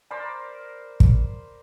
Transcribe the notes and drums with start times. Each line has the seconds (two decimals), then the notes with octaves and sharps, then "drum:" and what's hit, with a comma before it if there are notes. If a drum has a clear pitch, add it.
0.11 A#4 C5 D5 B5
1.00 drum: kick